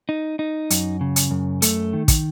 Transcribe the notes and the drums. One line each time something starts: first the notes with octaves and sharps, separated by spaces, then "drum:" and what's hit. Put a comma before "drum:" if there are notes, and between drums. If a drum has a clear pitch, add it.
D#4
D#4
F#2, drum: hi-hat
C#3
drum: hi-hat
F#2
A3, drum: hi-hat
D#3
drum: kick, hi-hat